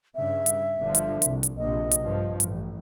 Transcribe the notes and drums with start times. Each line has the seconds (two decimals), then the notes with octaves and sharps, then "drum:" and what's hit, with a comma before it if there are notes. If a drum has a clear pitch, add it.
0.15 G2 C#3 E5
0.46 drum: hi-hat
0.79 G1 D3 F3
0.95 drum: hi-hat
1.22 C2, drum: hi-hat
1.43 drum: hi-hat
1.58 A#1 C3 D#5
1.91 drum: hi-hat
2.02 G2 F3
2.40 A1, drum: hi-hat